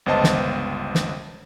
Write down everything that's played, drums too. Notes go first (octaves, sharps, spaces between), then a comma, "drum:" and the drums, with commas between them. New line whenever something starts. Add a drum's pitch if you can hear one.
G1 C#2 B3 C5 D#5 A5
drum: snare
drum: snare